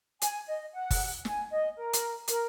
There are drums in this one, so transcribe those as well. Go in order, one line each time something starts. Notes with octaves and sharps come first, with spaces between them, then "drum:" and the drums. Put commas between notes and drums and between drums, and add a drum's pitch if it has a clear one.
G#5, drum: hi-hat
D#5
F#5
drum: kick F#1, open hi-hat
G#5, drum: snare
D#5
A#4
drum: hi-hat
A#4, drum: hi-hat